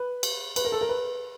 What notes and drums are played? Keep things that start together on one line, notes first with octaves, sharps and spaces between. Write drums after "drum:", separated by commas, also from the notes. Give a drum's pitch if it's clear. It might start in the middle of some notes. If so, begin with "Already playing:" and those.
Already playing: B4
drum: cymbal
B4, drum: cymbal
A#4
A4
A#4
B4